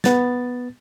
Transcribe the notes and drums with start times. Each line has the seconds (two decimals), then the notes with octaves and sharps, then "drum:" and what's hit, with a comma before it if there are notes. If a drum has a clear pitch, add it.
0.04 B3 A6, drum: snare